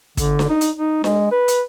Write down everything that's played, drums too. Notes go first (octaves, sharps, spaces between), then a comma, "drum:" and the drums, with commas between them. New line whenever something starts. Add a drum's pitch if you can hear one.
D3, drum: kick, hi-hat
drum: snare D4
D#4
drum: hi-hat
D#4
G#3, drum: snare D4
B4
drum: hi-hat